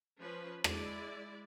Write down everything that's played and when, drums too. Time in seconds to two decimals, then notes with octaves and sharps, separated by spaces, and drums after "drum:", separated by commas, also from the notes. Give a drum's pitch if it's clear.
0.18 F3 C#4 B4
0.64 G#3 E4 D5, drum: rim click